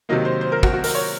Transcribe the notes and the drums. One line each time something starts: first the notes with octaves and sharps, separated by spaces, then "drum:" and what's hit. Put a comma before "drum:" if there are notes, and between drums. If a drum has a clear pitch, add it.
C3 D#3 F#3 A#3 D#5
C5
C5
A#4
F#4, drum: kick
F#4
A#4, drum: open hi-hat
C#5